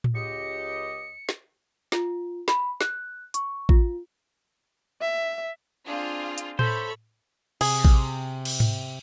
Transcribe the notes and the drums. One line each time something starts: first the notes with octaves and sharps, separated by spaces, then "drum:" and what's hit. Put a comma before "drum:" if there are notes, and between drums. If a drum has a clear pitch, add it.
drum: tom A2
C#2 G4 D#5 C#7
drum: snare
F4, drum: snare
B5, drum: snare
F#6, drum: snare
C#6, drum: hi-hat
F4, drum: kick A1
E5
C4 D4 F4 G#4
drum: hi-hat
A4 C5 C#5 E5 B5 C#6, drum: tom A2
C3 G#4, drum: cymbal
drum: kick A1
drum: cymbal
drum: tom G#2